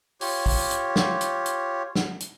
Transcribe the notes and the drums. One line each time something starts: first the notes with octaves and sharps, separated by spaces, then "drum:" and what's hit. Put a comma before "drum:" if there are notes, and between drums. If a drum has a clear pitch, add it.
F4 G4 C#5, drum: open hi-hat
drum: kick, open hi-hat
drum: hi-hat
drum: snare
drum: hi-hat
drum: hi-hat
drum: snare
drum: hi-hat